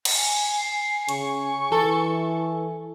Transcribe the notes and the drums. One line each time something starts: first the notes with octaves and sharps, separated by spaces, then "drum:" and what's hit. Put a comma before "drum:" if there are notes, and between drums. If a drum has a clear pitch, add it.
drum: cymbal
G#5
C7
C#3 C#6, drum: hi-hat
E3 A4